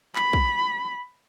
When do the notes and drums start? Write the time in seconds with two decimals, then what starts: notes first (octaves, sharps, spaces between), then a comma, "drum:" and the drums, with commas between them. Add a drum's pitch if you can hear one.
0.16 B5, drum: clap
0.33 drum: kick B1